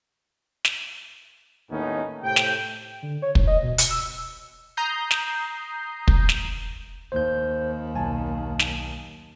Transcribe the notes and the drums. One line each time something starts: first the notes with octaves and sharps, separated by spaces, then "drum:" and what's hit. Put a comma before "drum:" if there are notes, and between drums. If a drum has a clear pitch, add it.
drum: snare
D#2 A2 D#3 B3 C#4 D#4
A2 C3 G5
drum: snare
D3
C#5
G#2, drum: kick
D#5
B2
C#7, drum: hi-hat
E6
A#5 D#6 G6 C7
drum: snare
drum: kick
drum: snare
D#2 C5 G6
B1 G#5 A5
drum: snare